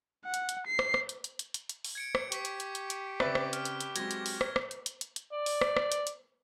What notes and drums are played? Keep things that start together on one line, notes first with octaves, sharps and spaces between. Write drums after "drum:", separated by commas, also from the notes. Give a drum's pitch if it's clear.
F#5
drum: hi-hat
drum: hi-hat
C7
drum: rim click
drum: rim click
drum: hi-hat
drum: hi-hat
drum: hi-hat
drum: hi-hat
drum: hi-hat
drum: open hi-hat
G#6 C#7 D7
drum: rim click
G4 C#6 B6, drum: hi-hat
drum: hi-hat
drum: hi-hat
drum: hi-hat
drum: hi-hat
C#3 C4 B4 D5 E5 D6, drum: rim click
drum: rim click
F6, drum: hi-hat
drum: hi-hat
drum: hi-hat
F#3 G#3 C4 G#6 A#6, drum: hi-hat
drum: hi-hat
drum: open hi-hat
drum: rim click
drum: rim click
drum: hi-hat
drum: hi-hat
drum: hi-hat
drum: hi-hat
D5
drum: open hi-hat
drum: rim click
drum: rim click
drum: hi-hat
drum: hi-hat